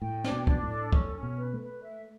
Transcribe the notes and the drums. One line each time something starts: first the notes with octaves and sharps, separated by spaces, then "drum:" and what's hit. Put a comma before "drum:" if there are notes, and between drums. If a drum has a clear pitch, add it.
A2 G5
D4, drum: snare
B2
D4, drum: kick
A2
A4
C#4, drum: kick
C#4
B2
B4
A3
B4
E5